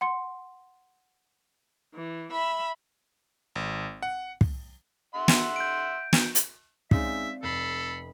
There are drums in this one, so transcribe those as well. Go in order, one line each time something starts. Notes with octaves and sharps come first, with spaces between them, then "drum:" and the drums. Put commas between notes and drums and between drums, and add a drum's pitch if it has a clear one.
F#5 C6 C#7
E3
E5 B5
G#1
F#5
drum: kick
E5 F#5 C6
drum: snare
G6 D7
drum: snare
drum: hi-hat
G#3 C4 C#4 D#4 D5 E5 F5, drum: kick
F1 A4 B5 C7